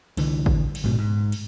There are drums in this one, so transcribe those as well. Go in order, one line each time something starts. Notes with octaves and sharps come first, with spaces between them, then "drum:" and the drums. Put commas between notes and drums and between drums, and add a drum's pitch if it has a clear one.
C2 D3 E3, drum: cymbal
drum: kick
drum: cymbal
A#1 G#2 B2
G#2
drum: cymbal